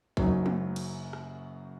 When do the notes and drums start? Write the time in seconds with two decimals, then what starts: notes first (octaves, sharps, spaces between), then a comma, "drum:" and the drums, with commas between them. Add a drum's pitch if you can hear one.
0.17 F#1 F#2 F#3 D#4, drum: kick
0.46 drum: tom
0.76 drum: cymbal
1.13 drum: rim click